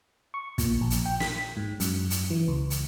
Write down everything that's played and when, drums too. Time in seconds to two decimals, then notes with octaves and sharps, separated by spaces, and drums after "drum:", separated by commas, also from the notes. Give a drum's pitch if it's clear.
0.34 C#6
0.58 A#2, drum: kick, hi-hat
0.81 A#1
0.90 drum: hi-hat
1.06 G5
1.20 B6, drum: snare
1.57 G#2
1.80 F#2, drum: hi-hat
2.10 drum: hi-hat
2.30 E3
2.48 C#2
2.70 drum: hi-hat